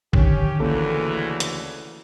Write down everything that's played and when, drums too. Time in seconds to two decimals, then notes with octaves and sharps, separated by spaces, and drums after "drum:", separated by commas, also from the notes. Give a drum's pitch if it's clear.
0.13 E2 D3 D#3 C#4 G4, drum: kick
0.60 D2 C#3 E3 A#3 A4
1.40 drum: hi-hat